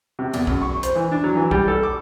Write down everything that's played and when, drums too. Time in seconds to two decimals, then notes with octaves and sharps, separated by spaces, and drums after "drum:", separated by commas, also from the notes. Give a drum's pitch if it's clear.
0.19 C3
0.34 E2, drum: cymbal
0.47 F#2, drum: kick B1
0.62 C#6
0.83 C5, drum: hi-hat
0.95 E3
1.12 D4
1.24 F#3
1.35 E3
1.51 G3, drum: kick B1
1.68 A4
1.83 D6